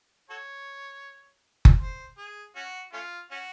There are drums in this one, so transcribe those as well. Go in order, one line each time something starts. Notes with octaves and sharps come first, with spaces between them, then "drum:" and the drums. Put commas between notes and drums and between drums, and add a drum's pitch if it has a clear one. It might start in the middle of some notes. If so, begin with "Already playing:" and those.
F#4 A4 C#5
drum: kick F#1
C5
G#4
C#4 F#4
A3 C#4 F4
C#4 F#4